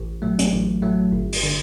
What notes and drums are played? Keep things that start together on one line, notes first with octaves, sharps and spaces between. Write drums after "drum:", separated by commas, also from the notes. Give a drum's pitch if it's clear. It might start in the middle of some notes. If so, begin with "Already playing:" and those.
Already playing: A1
A2 F#3 A3
drum: hi-hat
A1
A2 F#3 A3
G1
drum: open hi-hat
D3